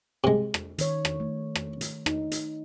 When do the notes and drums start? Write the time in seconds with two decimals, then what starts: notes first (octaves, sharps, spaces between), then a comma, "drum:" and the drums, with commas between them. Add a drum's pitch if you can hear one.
0.24 C3 G#3
0.54 drum: rim click
0.78 D#3 C#5, drum: hi-hat
1.05 drum: rim click
1.20 A3
1.55 drum: rim click
1.81 drum: hi-hat
2.06 D#4, drum: rim click
2.32 drum: hi-hat